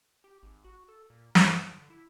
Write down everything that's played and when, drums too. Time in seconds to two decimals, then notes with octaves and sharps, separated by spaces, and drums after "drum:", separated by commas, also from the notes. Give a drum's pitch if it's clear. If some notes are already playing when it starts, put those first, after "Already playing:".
0.24 G4
0.43 G#1
0.64 F#4
0.88 A4
1.10 A#2
1.35 G2, drum: snare
1.72 D3
1.90 E4